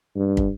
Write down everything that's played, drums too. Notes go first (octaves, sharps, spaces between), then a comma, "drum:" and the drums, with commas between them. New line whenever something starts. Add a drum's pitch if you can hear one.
G2
drum: kick